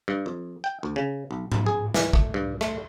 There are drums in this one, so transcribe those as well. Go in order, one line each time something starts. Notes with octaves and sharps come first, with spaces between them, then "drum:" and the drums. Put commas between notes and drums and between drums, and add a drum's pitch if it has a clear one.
G2
F2
G5
D2
C#3
B1
B1, drum: tom G#2
G#4
E3, drum: snare
A3, drum: kick
G2
A3, drum: rim click